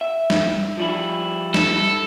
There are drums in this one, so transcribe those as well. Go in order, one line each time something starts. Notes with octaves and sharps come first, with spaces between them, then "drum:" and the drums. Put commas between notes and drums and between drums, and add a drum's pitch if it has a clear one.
E5
drum: snare
F3 G3 E4
A4, drum: snare